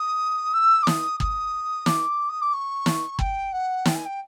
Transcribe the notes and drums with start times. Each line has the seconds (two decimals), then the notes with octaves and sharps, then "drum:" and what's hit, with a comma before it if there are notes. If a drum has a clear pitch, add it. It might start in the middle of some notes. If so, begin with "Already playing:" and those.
Already playing: D#6
0.53 E6
0.83 D6
0.87 D#6, drum: snare
1.20 D#6, drum: kick
1.86 D6, drum: snare
2.29 D#6
2.41 D6
2.53 C#6
2.86 drum: snare
3.19 G5, drum: kick
3.52 F#5
3.85 G5, drum: snare
3.95 G#5
4.05 G5